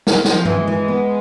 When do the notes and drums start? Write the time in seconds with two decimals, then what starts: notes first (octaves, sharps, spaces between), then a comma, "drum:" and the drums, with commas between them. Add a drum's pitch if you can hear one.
0.07 drum: snare
0.25 F3 C4, drum: snare
0.45 E3, drum: tom G2
0.56 G#3
0.67 E3
0.88 B3